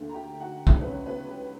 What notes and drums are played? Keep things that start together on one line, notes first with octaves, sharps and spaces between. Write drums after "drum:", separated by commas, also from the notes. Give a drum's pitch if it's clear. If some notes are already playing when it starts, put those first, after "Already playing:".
Already playing: D2 D3 A#3
A#5
G4 G5
F#4 F#5
C#2 C#3 F#3 E4 E5, drum: kick
B4
C#4 C#5
B3 B4
G4